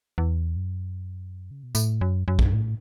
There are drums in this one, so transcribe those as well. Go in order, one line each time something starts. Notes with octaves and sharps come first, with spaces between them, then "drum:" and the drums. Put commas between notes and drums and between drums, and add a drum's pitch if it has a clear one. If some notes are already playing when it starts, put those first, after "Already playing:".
E2
F#2
C#3
B2
A2, drum: tambourine
F#2
F#2
drum: kick
A2